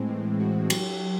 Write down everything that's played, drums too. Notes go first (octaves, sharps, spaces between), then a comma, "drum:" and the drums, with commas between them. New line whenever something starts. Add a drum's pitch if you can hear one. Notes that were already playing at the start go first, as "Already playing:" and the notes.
Already playing: A2 G#3 C4
E3
F#4
F#3, drum: cymbal
F#3